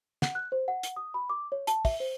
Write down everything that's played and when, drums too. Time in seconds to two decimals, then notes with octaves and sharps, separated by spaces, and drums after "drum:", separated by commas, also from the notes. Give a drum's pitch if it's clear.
0.22 F#5, drum: snare
0.35 F#6
0.52 C5
0.68 F#5
0.83 drum: hi-hat
0.96 D#6
1.14 B5
1.30 D6
1.52 C#5
1.67 A5, drum: hi-hat
1.85 E5, drum: kick, open hi-hat
2.00 C5